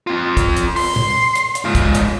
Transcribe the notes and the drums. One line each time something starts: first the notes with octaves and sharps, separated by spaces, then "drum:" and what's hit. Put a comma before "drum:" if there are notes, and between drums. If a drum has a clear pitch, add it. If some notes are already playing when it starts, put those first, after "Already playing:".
C4 F4
drum: kick, hi-hat
drum: hi-hat
C6, drum: open hi-hat
drum: tom
drum: hi-hat
drum: hi-hat
G#2 F4
drum: kick, hi-hat
drum: hi-hat